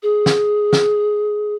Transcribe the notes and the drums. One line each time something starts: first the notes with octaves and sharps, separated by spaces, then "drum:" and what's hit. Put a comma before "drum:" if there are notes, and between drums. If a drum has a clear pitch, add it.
G#4
drum: snare
drum: snare